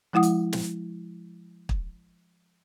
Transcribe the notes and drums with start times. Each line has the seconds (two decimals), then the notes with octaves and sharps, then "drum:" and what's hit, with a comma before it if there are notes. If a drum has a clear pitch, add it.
0.13 F3 G#3 E4 F#5 D#6
0.23 drum: hi-hat
0.53 drum: snare
1.69 drum: kick